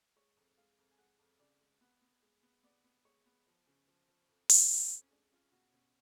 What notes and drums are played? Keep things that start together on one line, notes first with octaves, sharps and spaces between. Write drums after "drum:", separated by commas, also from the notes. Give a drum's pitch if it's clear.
G#3 C#5
F2
G#3 F5
F2
G#5
G#3 F#5
F2
C#3 D5
G#3
B3 F#5
B3
G#3
B3
B3 D5
B3
G#3 C#5
B3
F3
C#3
F3
F3
F2
F2, drum: open hi-hat
F3
F2
C#4
G#3 D4
C#4 F4
B2 F#4
B2 C#4